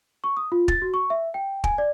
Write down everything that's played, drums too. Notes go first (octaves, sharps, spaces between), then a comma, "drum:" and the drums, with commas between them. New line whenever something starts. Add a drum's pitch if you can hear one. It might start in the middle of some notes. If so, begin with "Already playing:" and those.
C#6
D#6
F4
A6, drum: kick
F#4
C#6
E5
G5
G#5, drum: kick
D5